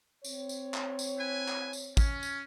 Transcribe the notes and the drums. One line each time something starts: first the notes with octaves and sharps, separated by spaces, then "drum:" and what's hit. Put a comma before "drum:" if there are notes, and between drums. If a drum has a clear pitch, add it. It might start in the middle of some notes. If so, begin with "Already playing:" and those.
C4 C#5, drum: tambourine
drum: tambourine
drum: clap
drum: tambourine
E4 B4 G#5
drum: clap
drum: tambourine
C#4, drum: kick, tambourine
drum: tambourine